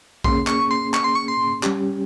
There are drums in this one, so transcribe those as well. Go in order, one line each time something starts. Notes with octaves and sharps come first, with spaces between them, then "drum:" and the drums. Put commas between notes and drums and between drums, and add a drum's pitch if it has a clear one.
A#3 C#4 G#4 C6, drum: kick A#1
C#6, drum: clap
C6
C#6, drum: clap
C6
C#6
C6
G3 C#4 G4, drum: clap